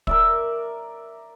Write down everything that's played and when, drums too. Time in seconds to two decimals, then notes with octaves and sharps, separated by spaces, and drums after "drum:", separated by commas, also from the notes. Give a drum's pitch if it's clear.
0.07 A#4 D5 E5, drum: kick